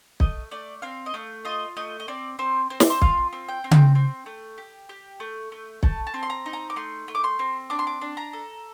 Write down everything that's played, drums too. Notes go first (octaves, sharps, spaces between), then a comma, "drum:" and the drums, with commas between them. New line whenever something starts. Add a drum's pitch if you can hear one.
A3 D#5, drum: kick
A3 D5
C4 F5
D#5
A3 F5
F4 D#5
A3 D#5
D#5
C4 D5
C4 C5
C4 C5
D5, drum: snare
C5
F4 F5, drum: kick
C4
G5
C4
G5, drum: tom C#3
C4
A3
G4
G4
A3
A3
A3 A5, drum: kick
A5
C4
C6
A#5
D#4
A#5
D6
A3 C6
A3
D6
C6
C4
D4 D6
C6
D6
D4
A#5
A4